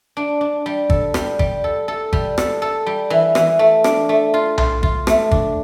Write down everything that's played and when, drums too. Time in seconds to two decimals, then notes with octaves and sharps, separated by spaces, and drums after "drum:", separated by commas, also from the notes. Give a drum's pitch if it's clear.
0.17 D4
0.41 D4
0.66 G3
0.90 A4, drum: kick G#1
1.14 G3, drum: rim click
1.39 G3, drum: kick G#1
1.64 A4
1.88 A4
2.13 G3, drum: kick G#1
2.38 A4, drum: rim click
2.62 A4
2.87 G3
3.10 E3
3.35 E3, drum: rim click
3.59 A3
3.84 D4, drum: rim click
4.09 A3
4.34 F4
4.58 F4, drum: tom B1
4.83 F4, drum: kick G#1
5.07 A3, drum: rim click
5.31 D4, drum: kick G#1